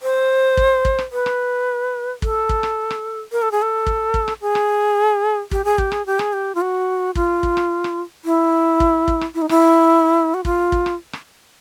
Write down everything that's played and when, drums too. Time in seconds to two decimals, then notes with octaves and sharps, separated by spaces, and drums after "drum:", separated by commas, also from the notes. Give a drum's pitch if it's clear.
0.03 C5
0.57 drum: kick
0.85 drum: kick
0.99 drum: rim click
1.12 B4
1.26 drum: rim click
2.22 A4, drum: kick
2.49 drum: kick
2.63 drum: rim click
2.91 drum: rim click
3.32 A#4
3.42 A4
3.52 G#4
3.62 A4
3.86 drum: kick
4.14 drum: kick
4.28 drum: rim click
4.42 G#4
4.55 drum: rim click
5.51 G4, drum: kick
5.65 G#4
5.78 G4, drum: kick
5.92 G#4, drum: rim click
6.06 G4
6.19 G#4, drum: rim click
6.33 G4
6.55 F4
6.61 F#4
7.15 F4, drum: kick
7.43 drum: kick
7.57 drum: rim click
7.84 drum: rim click
8.25 E4
8.80 drum: kick
9.08 drum: kick
9.21 drum: rim click
9.35 E4
9.42 D#4
9.49 E4, drum: rim click
10.34 F#4
10.45 F4, drum: kick
10.72 drum: kick
10.86 drum: rim click
11.13 drum: rim click